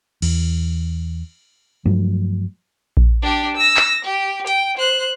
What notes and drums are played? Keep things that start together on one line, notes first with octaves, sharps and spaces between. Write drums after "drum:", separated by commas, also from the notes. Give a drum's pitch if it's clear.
E2, drum: cymbal
G2 F3 F#3 A3
drum: kick A#1
D4 G4
E6 A#6
drum: clap
G4
G5, drum: hi-hat
C5 F#6